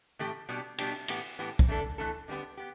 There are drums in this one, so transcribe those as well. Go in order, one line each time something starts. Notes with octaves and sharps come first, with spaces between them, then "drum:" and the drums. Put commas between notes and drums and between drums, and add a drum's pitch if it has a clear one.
A2 E3 A3 G4
B2 G3 B3 D4 G4
B2 G3 B3 D4 G4, drum: cymbal
A2 E3 B3 G4, drum: cymbal
A2 E3 B3 G4
drum: kick
E3 A3 D4 A4
E3 A3 D4 A4
D3 G3 B3 G4
B3 G4